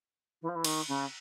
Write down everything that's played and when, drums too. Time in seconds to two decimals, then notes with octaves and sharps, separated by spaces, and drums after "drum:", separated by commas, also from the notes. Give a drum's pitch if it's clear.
0.42 E3
0.48 F3
0.55 E3
0.64 D#3, drum: cymbal
0.88 C#3